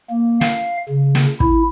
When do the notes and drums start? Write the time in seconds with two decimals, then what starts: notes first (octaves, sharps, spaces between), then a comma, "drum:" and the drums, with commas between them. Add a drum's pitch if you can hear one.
0.10 A#3
0.41 F5, drum: snare
0.89 C#3
1.15 drum: snare
1.40 E4, drum: kick